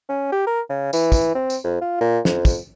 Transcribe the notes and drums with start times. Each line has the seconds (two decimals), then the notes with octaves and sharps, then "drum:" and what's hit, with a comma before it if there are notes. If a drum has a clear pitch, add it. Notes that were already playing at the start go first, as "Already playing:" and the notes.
0.09 C#4
0.32 G4
0.46 A#4
0.70 C#3
0.93 E3, drum: tambourine
1.12 drum: kick, tambourine
1.35 C4
1.50 drum: tambourine
1.64 F2
1.81 F4
2.01 A#2
2.25 F2, drum: snare
2.45 drum: kick, tambourine